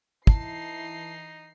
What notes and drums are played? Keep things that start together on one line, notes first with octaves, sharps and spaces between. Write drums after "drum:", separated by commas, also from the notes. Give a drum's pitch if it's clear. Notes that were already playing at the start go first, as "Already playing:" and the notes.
E3 D#4 E4 A5 C7, drum: kick